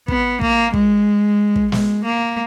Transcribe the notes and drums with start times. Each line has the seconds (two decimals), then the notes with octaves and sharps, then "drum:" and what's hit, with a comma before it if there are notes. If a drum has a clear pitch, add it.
0.08 B3, drum: kick
0.41 A#3, drum: kick
0.74 G#3, drum: kick
1.56 drum: kick
1.72 G#3, drum: snare
2.05 A#3